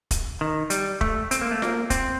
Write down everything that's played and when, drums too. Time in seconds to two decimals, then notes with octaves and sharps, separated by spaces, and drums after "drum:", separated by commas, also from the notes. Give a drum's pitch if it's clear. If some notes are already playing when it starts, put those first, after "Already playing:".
0.11 drum: kick, hi-hat
0.41 D#3
0.70 G3, drum: hi-hat
1.01 A3, drum: kick
1.31 C4, drum: hi-hat
1.41 A#3
1.51 A3
1.62 A#3, drum: snare F4
1.90 C4, drum: kick, hi-hat